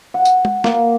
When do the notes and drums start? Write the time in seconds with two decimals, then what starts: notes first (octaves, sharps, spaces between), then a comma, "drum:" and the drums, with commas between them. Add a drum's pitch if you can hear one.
0.14 F#5
0.25 drum: tambourine
0.45 drum: tom
0.64 A#3, drum: snare